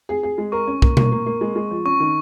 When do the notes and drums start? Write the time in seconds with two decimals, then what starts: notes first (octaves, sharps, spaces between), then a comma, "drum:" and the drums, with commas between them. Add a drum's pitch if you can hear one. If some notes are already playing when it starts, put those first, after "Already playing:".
0.09 G#4
0.23 G#4
0.38 G#3
0.52 A#4 C#6
0.67 C#4
0.82 A#3, drum: kick
0.97 A#3, drum: tom B2
1.12 A#3
1.26 A#3
1.41 G#3
1.56 G#3
1.71 F3
1.85 C#4 C#6
2.00 D#3